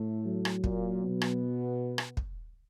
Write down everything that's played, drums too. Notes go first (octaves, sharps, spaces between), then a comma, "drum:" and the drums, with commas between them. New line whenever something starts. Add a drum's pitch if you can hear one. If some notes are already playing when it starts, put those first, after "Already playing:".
Already playing: A2 A3
F#3
drum: rim click
A#2 A#3, drum: kick
B2 B3
drum: rim click
drum: rim click
drum: kick